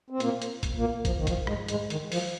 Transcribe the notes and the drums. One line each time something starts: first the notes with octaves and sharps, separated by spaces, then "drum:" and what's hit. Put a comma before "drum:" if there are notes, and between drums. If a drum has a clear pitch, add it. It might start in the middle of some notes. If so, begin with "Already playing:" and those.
C4
A#2 A#3, drum: hi-hat
drum: hi-hat
drum: kick, hi-hat
A#2 A#3
F3, drum: kick, hi-hat
D#3
F3, drum: kick, hi-hat
G#2 G#3, drum: rim click
G#2 G#3, drum: hi-hat
D#3, drum: hi-hat
F3, drum: open hi-hat